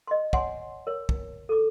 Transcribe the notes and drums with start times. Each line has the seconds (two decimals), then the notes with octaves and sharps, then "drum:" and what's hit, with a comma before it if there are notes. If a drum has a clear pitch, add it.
0.07 D#5 C6
0.33 C#5 F#5 G#5 C6, drum: kick
0.87 A#4 C#5
1.09 drum: kick
1.49 A4 D6